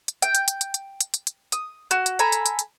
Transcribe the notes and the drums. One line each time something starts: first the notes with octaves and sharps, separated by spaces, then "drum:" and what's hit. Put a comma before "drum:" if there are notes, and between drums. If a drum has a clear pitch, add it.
drum: hi-hat
G5, drum: hi-hat
drum: hi-hat
drum: hi-hat
drum: hi-hat
drum: hi-hat
drum: hi-hat
drum: hi-hat
drum: hi-hat
D#6, drum: hi-hat
F#4, drum: hi-hat
drum: hi-hat
A4 G#5 A#5 B5, drum: hi-hat
drum: hi-hat
drum: hi-hat
drum: hi-hat